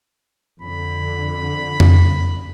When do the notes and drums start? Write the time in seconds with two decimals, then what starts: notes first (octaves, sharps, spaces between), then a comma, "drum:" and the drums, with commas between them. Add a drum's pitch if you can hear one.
0.62 F2 D3 B5
1.80 drum: tom F2